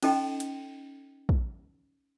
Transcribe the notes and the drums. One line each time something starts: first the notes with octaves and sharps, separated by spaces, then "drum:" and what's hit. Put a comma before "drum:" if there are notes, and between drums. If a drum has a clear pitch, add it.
C#4 D#4 A4 D#5 G5 C6, drum: cymbal
drum: hi-hat
drum: kick